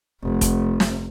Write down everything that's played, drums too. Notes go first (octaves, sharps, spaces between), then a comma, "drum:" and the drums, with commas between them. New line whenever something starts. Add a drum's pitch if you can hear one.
F1
drum: kick, hi-hat
drum: snare